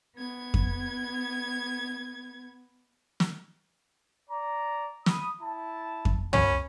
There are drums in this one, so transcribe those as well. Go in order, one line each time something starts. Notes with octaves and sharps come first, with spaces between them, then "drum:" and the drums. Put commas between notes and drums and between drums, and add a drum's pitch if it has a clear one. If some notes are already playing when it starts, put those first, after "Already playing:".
B3 G#6
drum: kick F2
drum: snare
D5 A#5
B5 D#6, drum: snare
E4 A5
drum: kick F2
C#4 F#4 A#4 B5, drum: tom